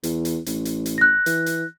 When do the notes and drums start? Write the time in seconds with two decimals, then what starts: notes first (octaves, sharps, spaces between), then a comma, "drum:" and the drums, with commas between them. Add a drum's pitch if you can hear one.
0.03 E2, drum: hi-hat
0.25 drum: hi-hat
0.46 A1, drum: hi-hat
0.65 drum: hi-hat
0.86 drum: hi-hat
0.98 F#6 A#6
1.26 E3, drum: hi-hat
1.46 drum: hi-hat